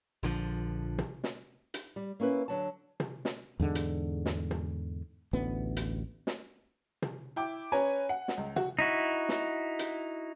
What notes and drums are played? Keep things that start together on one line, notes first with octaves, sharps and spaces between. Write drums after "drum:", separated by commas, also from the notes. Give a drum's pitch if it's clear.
A#1 D3 F3
drum: tom
drum: snare
drum: hi-hat
G3
A#3 C#4 E4 B4
D3 F#3 A5
drum: tom
drum: snare
E2 G#2 D3 G#3
drum: hi-hat
drum: snare
drum: tom
A1 D2 B3
drum: hi-hat
drum: snare
drum: tom
E4 G5 D6
C#4 B4 C#5 G#5 A#5
F#5
drum: snare
C#2
F#4, drum: tom
D#4 E4 F#4
drum: snare
drum: hi-hat